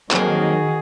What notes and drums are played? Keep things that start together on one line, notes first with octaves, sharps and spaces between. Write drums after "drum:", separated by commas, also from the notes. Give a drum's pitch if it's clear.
F2 D#3 F#3 A#3 F#4 G#4, drum: clap